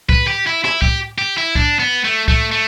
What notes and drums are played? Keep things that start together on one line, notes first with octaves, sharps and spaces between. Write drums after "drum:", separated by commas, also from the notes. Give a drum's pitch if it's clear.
B4, drum: kick
G4
E4
E4, drum: rim click
G4, drum: kick
G4
E4
D4, drum: kick
B3
A3
A3, drum: kick
A3